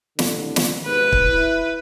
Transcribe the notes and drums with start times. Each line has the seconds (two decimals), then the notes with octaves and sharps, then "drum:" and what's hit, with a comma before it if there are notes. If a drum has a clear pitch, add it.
0.19 C2 A2 D3, drum: snare
0.56 drum: snare
0.85 D#2 G#2 B2 B4
1.12 drum: kick
1.27 E4